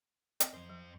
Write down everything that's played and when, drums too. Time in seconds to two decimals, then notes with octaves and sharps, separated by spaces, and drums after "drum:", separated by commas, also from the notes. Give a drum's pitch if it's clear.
0.40 C4 D#5, drum: hi-hat
0.54 F2 C5
0.69 F3